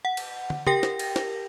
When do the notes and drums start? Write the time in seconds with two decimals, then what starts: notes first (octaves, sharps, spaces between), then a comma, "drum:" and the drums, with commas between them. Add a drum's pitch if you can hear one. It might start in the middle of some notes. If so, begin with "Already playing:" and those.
0.05 F#5
0.17 drum: cymbal
0.50 drum: tom
0.67 G4 A#4 G5 A#6, drum: tom
0.83 drum: snare
0.99 drum: cymbal
1.16 drum: snare